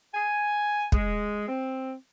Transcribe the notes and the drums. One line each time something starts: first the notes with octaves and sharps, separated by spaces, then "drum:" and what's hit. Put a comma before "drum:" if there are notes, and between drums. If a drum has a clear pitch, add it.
G#5
G#3, drum: kick
C4